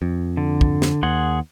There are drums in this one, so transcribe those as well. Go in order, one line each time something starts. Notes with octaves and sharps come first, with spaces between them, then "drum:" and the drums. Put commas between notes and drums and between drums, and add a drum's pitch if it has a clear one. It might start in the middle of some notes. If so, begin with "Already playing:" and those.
F2
D3
drum: kick
drum: snare
D#2 G#4 F#5 C6